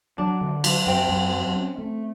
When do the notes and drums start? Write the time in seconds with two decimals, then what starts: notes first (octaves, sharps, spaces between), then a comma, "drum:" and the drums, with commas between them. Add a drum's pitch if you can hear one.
0.18 F#3 D4
0.41 D3
0.64 F#3, drum: cymbal
0.86 F#2 C4
1.09 F#2
1.32 F#3
1.56 C#4
1.78 A3